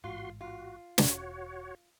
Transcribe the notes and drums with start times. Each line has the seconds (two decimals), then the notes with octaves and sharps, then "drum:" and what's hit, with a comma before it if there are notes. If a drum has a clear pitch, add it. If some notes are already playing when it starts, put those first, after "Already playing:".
0.04 A1 G#2 F4 F#4 C6
0.41 F4 F#4
0.98 E1 C#4 F#4 C#5, drum: snare